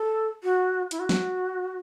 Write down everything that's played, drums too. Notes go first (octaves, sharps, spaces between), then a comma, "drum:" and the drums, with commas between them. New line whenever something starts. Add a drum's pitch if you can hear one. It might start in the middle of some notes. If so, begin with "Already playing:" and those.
Already playing: A4
F#4
E4, drum: hi-hat
F#4
drum: snare